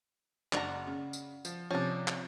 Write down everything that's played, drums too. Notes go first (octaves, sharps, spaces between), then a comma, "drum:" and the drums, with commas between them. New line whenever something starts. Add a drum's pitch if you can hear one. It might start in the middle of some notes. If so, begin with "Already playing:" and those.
F#1 D4 F#4 A#5, drum: clap
C#3
drum: tambourine
F3, drum: tambourine
C3 F3 C#4 D4
drum: clap